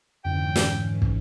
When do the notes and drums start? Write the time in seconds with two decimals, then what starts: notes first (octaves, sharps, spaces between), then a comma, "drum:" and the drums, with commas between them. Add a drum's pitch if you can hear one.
0.25 F2 G#2 D3 E3 C#4 G5
0.56 drum: snare
1.02 drum: kick